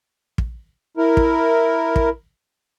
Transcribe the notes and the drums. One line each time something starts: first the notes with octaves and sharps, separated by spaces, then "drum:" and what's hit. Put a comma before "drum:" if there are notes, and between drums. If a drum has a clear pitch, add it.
drum: kick
E4 A#4
drum: kick
drum: kick